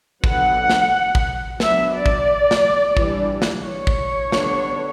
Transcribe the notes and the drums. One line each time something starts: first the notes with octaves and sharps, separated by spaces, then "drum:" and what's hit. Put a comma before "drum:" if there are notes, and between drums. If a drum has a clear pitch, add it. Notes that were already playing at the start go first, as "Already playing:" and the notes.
D3 F#3 B3 F#5, drum: kick
drum: snare
drum: kick
F#3 B3 D4 E5, drum: snare
D5
drum: kick
drum: snare
E3 G3 D4, drum: kick
drum: snare
C#5
drum: kick
D3 G3 B3 D4, drum: snare